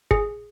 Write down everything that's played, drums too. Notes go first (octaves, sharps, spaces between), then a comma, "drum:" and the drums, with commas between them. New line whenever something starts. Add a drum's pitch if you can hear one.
G#4, drum: kick G1